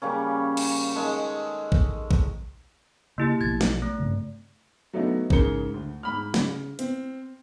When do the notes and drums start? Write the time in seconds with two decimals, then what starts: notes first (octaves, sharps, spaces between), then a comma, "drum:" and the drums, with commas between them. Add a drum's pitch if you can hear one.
0.02 C#3 G3 A#3 C#4
0.57 drum: cymbal
0.95 D#3 G#3 A4
1.72 drum: kick A1
2.11 drum: kick A1
3.18 C#3 A#3 E4 G4
3.41 A#1 B2 G#6 A6
3.61 drum: snare
3.82 A3
3.98 G2 C#3 C4
4.93 F#3 A3 B3 D4 D#4 F#4
5.30 G#2 C#3 G#4 A#4 C#7 G7, drum: kick A1
5.74 D2
6.03 G#2 B5 F6
6.34 C#3, drum: snare
6.79 C4, drum: hi-hat